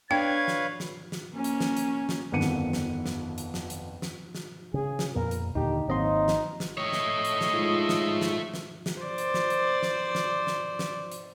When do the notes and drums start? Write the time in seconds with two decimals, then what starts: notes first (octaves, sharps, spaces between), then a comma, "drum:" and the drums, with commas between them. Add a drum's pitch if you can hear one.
0.11 D4 B4 C#5 F5 G5 G#6
0.48 drum: snare
0.80 drum: snare
1.12 drum: snare
1.34 A#3 C#4
1.44 drum: hi-hat
1.60 drum: snare
1.77 drum: hi-hat
2.09 drum: snare
2.32 G1 F2 D#3 F#5 C#7 D#7
2.41 drum: snare
2.73 drum: snare
3.06 drum: snare
3.38 drum: hi-hat
3.54 drum: snare
3.70 drum: hi-hat
4.02 drum: snare
4.35 drum: snare
4.74 C#3 G#4
4.99 drum: snare
5.15 F2 A#2 B3 A#4
5.31 drum: hi-hat
5.55 D#2 A#2 D3 D#4 G4
5.88 G#1 F#3 A#3 C4 D#4 D#5 C6
6.28 drum: snare
6.60 drum: snare
6.78 A3 C#5 D#5
6.92 drum: snare
7.25 drum: hi-hat
7.41 drum: snare
7.53 G#2 F4
7.89 drum: snare
8.21 drum: snare
8.54 drum: snare
8.86 drum: snare
9.01 C5 D5
9.18 drum: hi-hat
9.34 drum: snare
9.50 drum: hi-hat
9.83 drum: snare
10.15 drum: snare
10.47 drum: snare
10.79 drum: snare
11.12 drum: hi-hat